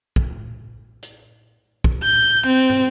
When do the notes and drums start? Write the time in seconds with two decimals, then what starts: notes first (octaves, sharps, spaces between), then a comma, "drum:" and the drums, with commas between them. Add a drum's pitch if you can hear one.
0.16 drum: kick
1.02 drum: hi-hat
1.84 drum: kick
2.03 G6
2.46 C4
2.70 drum: tom